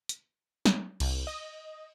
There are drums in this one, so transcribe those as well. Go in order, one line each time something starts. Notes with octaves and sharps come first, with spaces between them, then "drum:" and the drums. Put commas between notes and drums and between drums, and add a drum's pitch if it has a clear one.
drum: hi-hat
drum: snare
C2, drum: cymbal
D#5